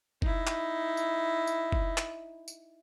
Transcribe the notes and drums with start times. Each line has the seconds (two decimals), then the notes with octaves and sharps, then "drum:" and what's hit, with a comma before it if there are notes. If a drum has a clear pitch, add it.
0.22 D#4 E4, drum: kick F#1
0.47 drum: clap
0.97 drum: tambourine
1.47 drum: tambourine
1.72 drum: kick F#1
1.98 drum: clap
2.48 drum: tambourine